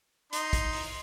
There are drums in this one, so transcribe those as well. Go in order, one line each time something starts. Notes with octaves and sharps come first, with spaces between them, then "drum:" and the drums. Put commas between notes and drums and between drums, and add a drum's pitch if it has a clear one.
D#4 C6, drum: hi-hat
drum: kick, hi-hat
drum: open hi-hat